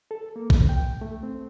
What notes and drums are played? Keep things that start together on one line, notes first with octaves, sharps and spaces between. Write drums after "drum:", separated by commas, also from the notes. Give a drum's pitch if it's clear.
A4
A#3
drum: kick
G5
A3
C4